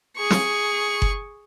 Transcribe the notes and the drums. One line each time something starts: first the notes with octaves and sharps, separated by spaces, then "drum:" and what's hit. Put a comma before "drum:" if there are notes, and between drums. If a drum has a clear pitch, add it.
G#4 C#6
drum: snare
drum: kick F#1